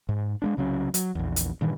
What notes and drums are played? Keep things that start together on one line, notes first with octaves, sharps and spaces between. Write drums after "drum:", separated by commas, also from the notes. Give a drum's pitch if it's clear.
G#2
G#3 A3 D4
C2 C#3 F#3 C#4
F#3, drum: hi-hat
A#1 E2
drum: hi-hat
G2 A#2 D#3 E3